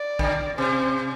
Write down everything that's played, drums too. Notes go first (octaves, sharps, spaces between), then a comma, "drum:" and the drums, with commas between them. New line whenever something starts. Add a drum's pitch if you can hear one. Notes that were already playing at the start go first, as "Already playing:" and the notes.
Already playing: D5
D3, drum: kick A1
C3 C5